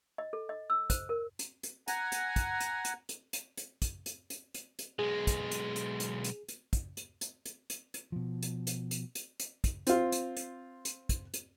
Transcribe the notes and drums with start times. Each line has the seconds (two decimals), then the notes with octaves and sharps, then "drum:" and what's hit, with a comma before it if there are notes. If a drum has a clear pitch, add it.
0.18 D#5
0.33 A4
0.49 D#5
0.70 E6
0.90 C5, drum: kick, hi-hat
1.09 A#4
1.39 drum: hi-hat
1.63 drum: hi-hat
1.88 F#5 G#5 A#5, drum: hi-hat
2.12 drum: hi-hat
2.36 drum: kick, hi-hat
2.60 drum: hi-hat
2.85 drum: hi-hat
3.09 drum: hi-hat
3.33 drum: hi-hat
3.57 drum: hi-hat
3.82 drum: kick, hi-hat
4.06 drum: hi-hat
4.30 drum: hi-hat
4.54 drum: hi-hat
4.79 drum: hi-hat
4.99 B1 G#3 G#4
5.27 drum: kick, hi-hat
5.51 drum: hi-hat
5.76 drum: hi-hat
6.00 drum: hi-hat
6.24 drum: hi-hat
6.49 drum: hi-hat
6.73 drum: kick, hi-hat
6.97 drum: hi-hat
7.21 drum: hi-hat
7.46 drum: hi-hat
7.70 drum: hi-hat
7.94 drum: hi-hat
8.12 B2 F3
8.43 drum: hi-hat
8.67 drum: hi-hat
8.91 drum: hi-hat
9.15 drum: hi-hat
9.40 drum: hi-hat
9.64 drum: kick, hi-hat
9.87 C4 F4, drum: hi-hat
10.12 drum: hi-hat
10.37 drum: hi-hat
10.85 drum: hi-hat
11.09 drum: kick, hi-hat
11.34 drum: hi-hat